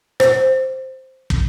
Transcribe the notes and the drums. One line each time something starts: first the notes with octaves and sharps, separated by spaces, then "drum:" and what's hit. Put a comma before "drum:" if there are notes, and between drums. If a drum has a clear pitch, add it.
C5, drum: rim click
drum: kick